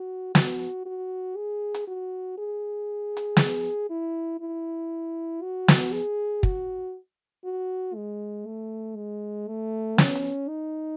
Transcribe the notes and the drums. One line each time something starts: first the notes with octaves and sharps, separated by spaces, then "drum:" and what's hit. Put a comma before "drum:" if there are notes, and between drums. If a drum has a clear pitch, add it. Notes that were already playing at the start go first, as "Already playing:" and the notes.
Already playing: F#4
F#4, drum: snare
F#4
G#4
drum: hi-hat
F#4
G#4
drum: hi-hat
drum: snare
E4
E4
F#4
drum: snare
G#4
F#4, drum: kick
F#4
G#3
A3
G#3
A3
C#4, drum: snare
drum: hi-hat
D#4